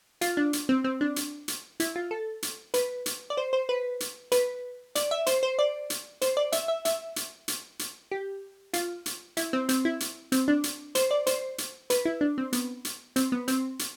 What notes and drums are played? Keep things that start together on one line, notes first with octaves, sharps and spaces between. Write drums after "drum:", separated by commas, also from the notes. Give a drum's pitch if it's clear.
F4, drum: hi-hat
D4
drum: hi-hat
C4
C4
D4
drum: hi-hat
drum: hi-hat
E4, drum: hi-hat
F4
A4
drum: hi-hat
B4, drum: hi-hat
drum: hi-hat
D5
C5
C5
B4
drum: hi-hat
B4, drum: hi-hat
D5, drum: hi-hat
E5
C5, drum: hi-hat
C5
D5
drum: hi-hat
C5, drum: hi-hat
D5
E5, drum: hi-hat
E5
E5, drum: hi-hat
drum: hi-hat
drum: hi-hat
drum: hi-hat
G4
F4, drum: hi-hat
drum: hi-hat
E4, drum: hi-hat
C4
C4, drum: hi-hat
E4
drum: hi-hat
C4, drum: hi-hat
D4
drum: hi-hat
C5, drum: hi-hat
D5
C5, drum: hi-hat
drum: hi-hat
B4, drum: hi-hat
E4
D4
C4
B3, drum: hi-hat
drum: hi-hat
C4, drum: hi-hat
B3
C4, drum: hi-hat
drum: hi-hat